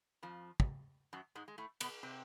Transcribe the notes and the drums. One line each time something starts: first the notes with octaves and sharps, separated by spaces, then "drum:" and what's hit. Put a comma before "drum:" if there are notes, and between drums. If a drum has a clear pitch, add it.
F2 F3
drum: kick
F#2 F#3
G#2 G#3
G#3
A2 A3
B2 B3, drum: cymbal
C3 C4